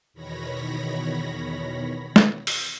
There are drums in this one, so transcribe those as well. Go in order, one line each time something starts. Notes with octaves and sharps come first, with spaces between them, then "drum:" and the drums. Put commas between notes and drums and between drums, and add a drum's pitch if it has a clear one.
E2 B2 D#3 C#5 B5 A#6
drum: snare
drum: open hi-hat